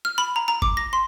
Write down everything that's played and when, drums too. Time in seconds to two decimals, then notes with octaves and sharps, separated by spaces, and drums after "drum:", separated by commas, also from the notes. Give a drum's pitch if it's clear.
0.05 F6
0.18 B5
0.36 A#5
0.48 A#5
0.62 D6, drum: kick G1
0.77 A#6
0.93 C6